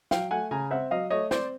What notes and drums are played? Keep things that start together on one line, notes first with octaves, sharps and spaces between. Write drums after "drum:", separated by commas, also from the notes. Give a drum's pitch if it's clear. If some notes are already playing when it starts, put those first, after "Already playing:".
F#3 F5 G5, drum: snare
A3 F#5 G#5
C#3 G#5 A#5
C4 E5 F#5
F#3 D#5 F5
A3 C#5 D#5
C4 C5 D5, drum: snare